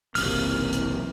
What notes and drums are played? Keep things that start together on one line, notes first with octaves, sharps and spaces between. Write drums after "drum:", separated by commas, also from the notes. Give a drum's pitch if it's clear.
F#1 B1 C3 E3 A#3 C4 F6, drum: open hi-hat
drum: hi-hat